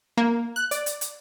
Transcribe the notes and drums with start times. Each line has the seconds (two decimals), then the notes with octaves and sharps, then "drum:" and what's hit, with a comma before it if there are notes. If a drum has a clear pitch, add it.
0.17 A#3
0.56 F#6
0.71 D5, drum: hi-hat
0.86 drum: hi-hat
1.01 drum: hi-hat